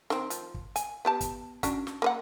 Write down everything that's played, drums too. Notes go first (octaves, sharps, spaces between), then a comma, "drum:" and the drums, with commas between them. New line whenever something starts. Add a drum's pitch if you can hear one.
D#3 C4, drum: snare
F3, drum: hi-hat
drum: kick
G#5, drum: hi-hat
B3 G4 A5
drum: kick, hi-hat
C#4 D4 F#4, drum: kick, hi-hat
drum: snare
A#3 B4 F#5